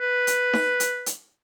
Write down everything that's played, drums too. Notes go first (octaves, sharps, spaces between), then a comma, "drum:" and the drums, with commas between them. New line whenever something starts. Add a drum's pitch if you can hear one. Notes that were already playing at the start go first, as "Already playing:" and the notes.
B4
drum: hi-hat
drum: snare D#4
drum: hi-hat
drum: hi-hat